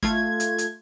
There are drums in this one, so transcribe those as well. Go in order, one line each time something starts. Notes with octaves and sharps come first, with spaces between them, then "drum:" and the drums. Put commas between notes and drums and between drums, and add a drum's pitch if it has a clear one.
A3 F4 G#6, drum: snare
drum: hi-hat
drum: hi-hat